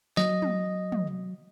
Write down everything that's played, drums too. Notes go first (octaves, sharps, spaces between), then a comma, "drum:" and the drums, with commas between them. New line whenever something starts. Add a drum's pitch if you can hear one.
F#3 D#5, drum: snare
drum: tom
drum: tom